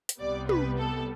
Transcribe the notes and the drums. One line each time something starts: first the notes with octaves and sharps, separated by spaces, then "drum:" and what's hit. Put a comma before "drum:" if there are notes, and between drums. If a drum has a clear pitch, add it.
drum: hi-hat
C2 C3 G3 B3 D5
B4, drum: tom
A4